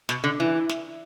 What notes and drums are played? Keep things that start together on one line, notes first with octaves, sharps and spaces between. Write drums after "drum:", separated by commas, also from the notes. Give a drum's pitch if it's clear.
B2, drum: snare
D3
E3 E4
drum: snare